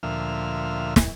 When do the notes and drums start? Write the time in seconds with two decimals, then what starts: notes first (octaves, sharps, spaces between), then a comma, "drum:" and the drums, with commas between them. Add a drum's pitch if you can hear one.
0.03 D2 A#2 F3 E5 F6
0.96 drum: snare